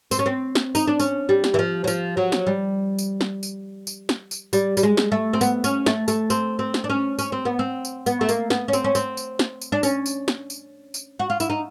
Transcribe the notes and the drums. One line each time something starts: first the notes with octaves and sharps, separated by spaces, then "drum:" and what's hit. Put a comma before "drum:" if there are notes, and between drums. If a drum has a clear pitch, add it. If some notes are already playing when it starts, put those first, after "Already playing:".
C4, drum: tambourine
C#4
C4
drum: snare
D#4, drum: tambourine
D4
C#4, drum: tambourine
G3
drum: snare
E3
F3
F#3
F3, drum: tambourine
F#3
drum: snare
G3
drum: tambourine
drum: snare
drum: tambourine
drum: tambourine
drum: snare
drum: tambourine
G3, drum: tambourine
G3, drum: tambourine
G#3
drum: snare
A3
C4
B3, drum: tambourine
C#4, drum: tambourine
A3, drum: snare
A3, drum: tambourine
C4, drum: tambourine
C4
drum: snare
D4
C#4
C#4, drum: tambourine
C4
B3
C4
drum: tambourine
B3, drum: tambourine
A3
A#3, drum: tambourine
B3, drum: snare
C#4
C4, drum: tambourine
C#4
C4, drum: tambourine
drum: tambourine
drum: snare
drum: tambourine
D4
C#4, drum: tambourine
drum: tambourine
drum: snare
drum: tambourine
drum: tambourine
F#4
F4
E4, drum: tambourine
D#4